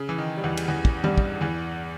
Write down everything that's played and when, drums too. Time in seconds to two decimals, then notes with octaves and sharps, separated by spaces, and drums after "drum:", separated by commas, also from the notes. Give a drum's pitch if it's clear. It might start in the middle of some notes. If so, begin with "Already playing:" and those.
Already playing: C#3
0.09 E3
0.18 D#3
0.37 G3
0.44 E2 E3
0.57 drum: cymbal
0.68 E2 E3
0.85 drum: kick
1.04 G2 G3, drum: tom D#3
1.18 drum: kick
1.41 E2 E3